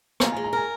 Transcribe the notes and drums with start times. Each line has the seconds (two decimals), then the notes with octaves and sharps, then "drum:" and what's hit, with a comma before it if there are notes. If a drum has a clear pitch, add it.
0.20 F4 A#5, drum: rim click
0.32 G#3 G#5
0.44 A#5
0.53 A#4 G#5